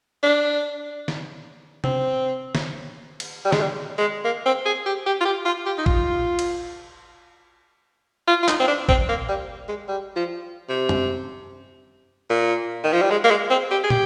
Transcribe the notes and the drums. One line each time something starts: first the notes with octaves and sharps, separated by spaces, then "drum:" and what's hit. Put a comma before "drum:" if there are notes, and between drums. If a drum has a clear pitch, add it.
D4
drum: snare
C4, drum: tom C3
drum: snare
drum: cymbal
G3
G#3, drum: snare
G3
G#3
A#3
C4
G#4
G4
G4
F4
G4
F4
G4
D#4
F4, drum: kick
drum: cymbal
F4
F4
D#4, drum: clap
C4
D4
C4, drum: kick
A#3
G3
G#3
G3
F3
C3
drum: tom
A#2
D#3
F3
G3
G#3
A#3
G#3
C4
G4
G#4
G4, drum: tom